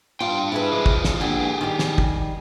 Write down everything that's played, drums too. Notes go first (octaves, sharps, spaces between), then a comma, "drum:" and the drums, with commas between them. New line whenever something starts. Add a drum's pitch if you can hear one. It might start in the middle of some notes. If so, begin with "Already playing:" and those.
G2 D4 F4 G5
E4 G#4 B4
F3 G#3
drum: kick
drum: snare
A#2 D3 E3 G4 G#4
D#3 G3
drum: snare
drum: kick